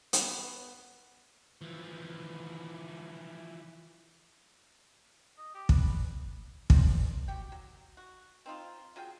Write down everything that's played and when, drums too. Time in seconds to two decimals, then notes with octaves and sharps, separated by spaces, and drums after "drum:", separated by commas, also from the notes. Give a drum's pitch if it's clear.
0.13 B3, drum: hi-hat
1.62 E3 F3
5.38 D#5
5.54 G4
5.69 B4, drum: kick
6.70 D#3 C5, drum: kick
7.28 F#4 G4 G5
7.52 F#3
7.97 F#4
8.46 C4 D#4 F4
8.96 F#3 F4 G#4 G5